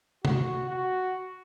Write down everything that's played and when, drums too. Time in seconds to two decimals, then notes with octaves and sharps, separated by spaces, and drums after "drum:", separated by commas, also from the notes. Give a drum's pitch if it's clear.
0.25 F#4, drum: tom C3
0.70 F#4